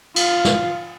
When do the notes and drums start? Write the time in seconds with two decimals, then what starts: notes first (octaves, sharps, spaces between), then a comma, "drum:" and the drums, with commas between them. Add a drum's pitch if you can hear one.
0.16 F4, drum: cymbal
0.45 drum: snare